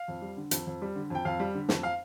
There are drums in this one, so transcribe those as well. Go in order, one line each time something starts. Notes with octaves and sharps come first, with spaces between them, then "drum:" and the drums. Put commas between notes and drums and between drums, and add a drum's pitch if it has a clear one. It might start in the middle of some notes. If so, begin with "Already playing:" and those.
Already playing: F5
F2
G3
D3
F2, drum: hi-hat
F2
G3
D3
F2 G5
F2 F5
G3
D3
F2, drum: snare
F5